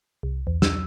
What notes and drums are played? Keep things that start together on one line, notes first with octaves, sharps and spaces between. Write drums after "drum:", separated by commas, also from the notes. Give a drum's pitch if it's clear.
C2
E2
E6, drum: snare